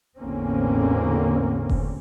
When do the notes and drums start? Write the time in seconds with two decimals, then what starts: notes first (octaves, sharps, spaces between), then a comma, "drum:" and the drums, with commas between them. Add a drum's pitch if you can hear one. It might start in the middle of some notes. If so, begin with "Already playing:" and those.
0.19 A1 E2 D3 A#3 C4 C#4
1.69 drum: kick F1